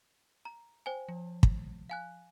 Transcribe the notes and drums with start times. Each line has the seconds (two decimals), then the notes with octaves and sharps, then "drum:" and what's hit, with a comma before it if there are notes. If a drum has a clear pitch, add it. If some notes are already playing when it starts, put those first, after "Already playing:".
0.45 A#5
0.86 C5 G5 G#5
1.09 F3
1.43 drum: kick
1.90 F5 G#5 F#6